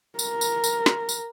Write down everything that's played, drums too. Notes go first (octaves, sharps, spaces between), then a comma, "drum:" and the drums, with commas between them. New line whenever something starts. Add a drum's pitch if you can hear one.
A#4, drum: tambourine
drum: tambourine
drum: tambourine
drum: snare
drum: tambourine